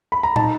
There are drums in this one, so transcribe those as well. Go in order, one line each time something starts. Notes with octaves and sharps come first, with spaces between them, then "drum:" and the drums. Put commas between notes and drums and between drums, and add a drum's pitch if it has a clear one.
B5
A#5
D#4 A5, drum: tom